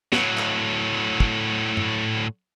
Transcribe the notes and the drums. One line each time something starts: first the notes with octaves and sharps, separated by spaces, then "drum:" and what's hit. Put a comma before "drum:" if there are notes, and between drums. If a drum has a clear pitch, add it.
A2 F#3, drum: snare
drum: clap
drum: kick
drum: tom